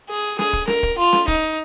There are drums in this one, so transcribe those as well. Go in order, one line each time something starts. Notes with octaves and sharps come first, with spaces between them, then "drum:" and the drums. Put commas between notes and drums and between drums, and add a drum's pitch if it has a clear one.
G#4
G#4, drum: snare
drum: kick
A#4, drum: snare
drum: kick
F4
drum: snare
D#4, drum: kick